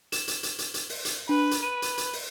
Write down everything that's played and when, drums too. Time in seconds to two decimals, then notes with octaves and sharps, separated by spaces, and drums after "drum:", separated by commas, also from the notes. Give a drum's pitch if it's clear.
0.12 E7, drum: hi-hat
0.28 drum: hi-hat
0.43 drum: hi-hat
0.59 drum: hi-hat
0.74 drum: hi-hat
0.89 drum: open hi-hat
1.05 drum: hi-hat
1.29 D4 B4
1.51 drum: hi-hat
1.63 B4 D#7
1.82 drum: hi-hat
1.98 drum: hi-hat
2.13 drum: open hi-hat